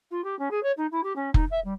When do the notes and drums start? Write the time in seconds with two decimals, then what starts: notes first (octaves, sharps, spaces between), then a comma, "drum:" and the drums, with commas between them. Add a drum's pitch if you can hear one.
0.11 F4
0.24 G4
0.39 C#4
0.51 G#4
0.63 C#5
0.77 D#4
0.92 E4
1.04 G4
1.16 C#4
1.34 D#4, drum: kick F1
1.51 E5
1.65 G3